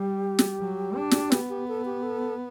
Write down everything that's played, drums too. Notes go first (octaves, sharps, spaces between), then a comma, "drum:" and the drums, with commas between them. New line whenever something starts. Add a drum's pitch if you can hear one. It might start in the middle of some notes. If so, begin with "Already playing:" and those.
Already playing: G3 G4
drum: snare
F#3
D4
drum: snare
B3, drum: snare
G4
A4
G4
A4